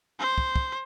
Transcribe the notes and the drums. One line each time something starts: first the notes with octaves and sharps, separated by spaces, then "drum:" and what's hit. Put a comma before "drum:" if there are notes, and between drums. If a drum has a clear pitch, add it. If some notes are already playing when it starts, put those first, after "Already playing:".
C5
drum: kick
drum: kick